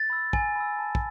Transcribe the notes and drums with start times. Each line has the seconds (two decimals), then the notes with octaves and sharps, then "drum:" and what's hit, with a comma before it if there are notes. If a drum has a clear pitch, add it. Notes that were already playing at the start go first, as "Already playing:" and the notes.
Already playing: A6
0.10 B5 E6
0.33 G#5, drum: kick
0.56 B5 E6
0.79 A5
0.95 drum: kick